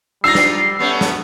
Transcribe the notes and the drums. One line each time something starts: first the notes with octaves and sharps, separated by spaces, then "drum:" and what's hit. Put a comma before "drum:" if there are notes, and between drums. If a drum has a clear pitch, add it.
G3 D4 D#4 F4 E6 A#6 C7
drum: snare
G3 A3 B3 C#4
drum: snare